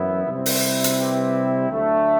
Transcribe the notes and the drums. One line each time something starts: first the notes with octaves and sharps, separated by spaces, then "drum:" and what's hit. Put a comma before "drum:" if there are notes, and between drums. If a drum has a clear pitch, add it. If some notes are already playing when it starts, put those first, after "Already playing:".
Already playing: F#2 E3 B3 E4
C3 G3 C4 E4
drum: open hi-hat
drum: hi-hat
G4 B4
D2 D3 F#3 A3